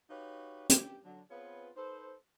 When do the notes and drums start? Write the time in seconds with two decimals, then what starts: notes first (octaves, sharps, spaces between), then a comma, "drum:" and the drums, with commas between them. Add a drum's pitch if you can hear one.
0.10 D#4 F#4 G4 B4 C#5 F5
0.69 G4, drum: hi-hat
1.05 D3 F#3
1.31 B3 C4 F4 G#4 B4 C#5
1.76 D#4 A4 B4 C5